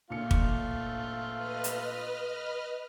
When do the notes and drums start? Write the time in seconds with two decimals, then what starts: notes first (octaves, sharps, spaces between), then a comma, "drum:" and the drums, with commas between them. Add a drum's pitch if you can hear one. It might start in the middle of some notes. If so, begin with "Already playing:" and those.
0.10 A#2 A3 D4 F4 C#7
0.31 drum: kick
1.34 B4 D#5 F6
1.64 drum: hi-hat